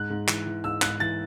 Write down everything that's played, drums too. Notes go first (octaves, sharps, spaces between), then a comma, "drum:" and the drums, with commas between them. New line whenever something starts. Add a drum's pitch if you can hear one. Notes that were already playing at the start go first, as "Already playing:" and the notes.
Already playing: G#2 F#6
G#2
E3, drum: clap
E3
G#2 E6
G#2 F#6, drum: clap
E3 A6